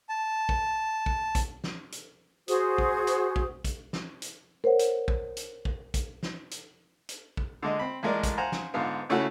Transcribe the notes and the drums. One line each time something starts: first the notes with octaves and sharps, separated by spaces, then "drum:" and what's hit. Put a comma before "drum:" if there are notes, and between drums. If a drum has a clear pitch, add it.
A5
drum: kick
drum: kick
drum: kick, hi-hat
drum: snare
drum: hi-hat
F#4 G#4 C5 D#6, drum: hi-hat
drum: kick
drum: hi-hat
drum: kick
drum: kick, hi-hat
drum: snare
drum: hi-hat
A#4 C5 C#5 F#5
drum: hi-hat
drum: kick
drum: hi-hat
drum: kick
drum: kick, hi-hat
drum: snare
drum: hi-hat
drum: hi-hat
drum: kick
D3 G#3 D#5
C4 B5
A1 G#3 A#4 D5
drum: kick, hi-hat
C5 F5 F#5 G#5 A#5
drum: snare
G#2 D3 B3 F4
C#3 A3 C#4 E4 F#4 F#5